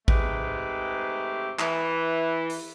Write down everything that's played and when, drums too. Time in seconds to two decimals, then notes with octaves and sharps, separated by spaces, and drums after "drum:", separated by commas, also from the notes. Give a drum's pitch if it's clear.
0.08 G#2 C3 G#3 A3 G4 B4, drum: kick A1
1.59 E3, drum: clap
2.50 drum: open hi-hat